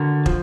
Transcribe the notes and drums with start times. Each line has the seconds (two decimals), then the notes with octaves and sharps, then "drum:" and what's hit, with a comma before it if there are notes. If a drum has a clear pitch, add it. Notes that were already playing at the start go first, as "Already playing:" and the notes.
Already playing: D3 F#4 A#4
0.26 F3, drum: kick